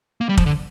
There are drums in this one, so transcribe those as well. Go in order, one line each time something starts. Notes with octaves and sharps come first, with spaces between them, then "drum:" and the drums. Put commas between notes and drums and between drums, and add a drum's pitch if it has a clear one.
A#3
G3
F3, drum: kick
D3